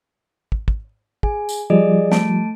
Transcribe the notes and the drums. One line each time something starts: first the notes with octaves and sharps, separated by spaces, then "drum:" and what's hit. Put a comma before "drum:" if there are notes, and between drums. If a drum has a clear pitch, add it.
drum: kick
drum: kick
G#4 G#5, drum: kick
drum: tambourine
F3 G3 G#4 D5 D#5
A3 A5 D7, drum: snare